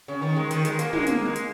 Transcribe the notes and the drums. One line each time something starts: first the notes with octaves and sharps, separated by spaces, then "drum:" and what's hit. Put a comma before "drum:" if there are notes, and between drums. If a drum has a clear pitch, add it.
C#3
D#3
G#3
D#3, drum: hi-hat
G#3, drum: hi-hat
A#3, drum: hi-hat
G#3, drum: tom
A#3, drum: hi-hat
G#3
drum: hi-hat